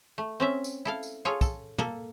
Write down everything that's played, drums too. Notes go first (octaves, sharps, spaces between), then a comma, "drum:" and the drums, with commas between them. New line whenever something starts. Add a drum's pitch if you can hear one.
A3
C4 C#4 E5
drum: tambourine
E4 A4 F5
drum: tambourine
F4 G#4 A4 C#5
A4, drum: kick, tambourine
A#3 A4, drum: tom